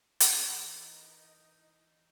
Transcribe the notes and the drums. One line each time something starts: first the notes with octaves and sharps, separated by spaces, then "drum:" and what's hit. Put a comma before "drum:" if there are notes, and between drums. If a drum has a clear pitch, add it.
E3 D#4 A#4 D#5, drum: hi-hat